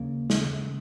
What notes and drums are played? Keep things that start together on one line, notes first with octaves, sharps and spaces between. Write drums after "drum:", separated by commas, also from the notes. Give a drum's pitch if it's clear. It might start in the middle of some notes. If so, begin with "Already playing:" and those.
Already playing: D#2 C#3 A#3
C#3 G#3, drum: snare